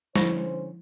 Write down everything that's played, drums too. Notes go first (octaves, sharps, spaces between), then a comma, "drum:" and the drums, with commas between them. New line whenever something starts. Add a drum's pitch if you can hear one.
D3 F3 C#4 E4 C5, drum: snare